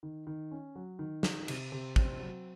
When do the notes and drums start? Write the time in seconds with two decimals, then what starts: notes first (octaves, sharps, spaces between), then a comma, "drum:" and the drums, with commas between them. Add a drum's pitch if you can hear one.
0.03 D#3
0.27 D#3
0.51 C#4
0.75 F#3
0.99 D#3
1.23 D#3, drum: snare
1.48 C3, drum: cymbal
1.72 C3
1.96 C4, drum: kick
2.20 F#3